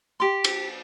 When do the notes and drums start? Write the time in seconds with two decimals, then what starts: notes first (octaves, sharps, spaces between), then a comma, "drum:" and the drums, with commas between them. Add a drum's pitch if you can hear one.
0.20 G4 C6
0.44 drum: cymbal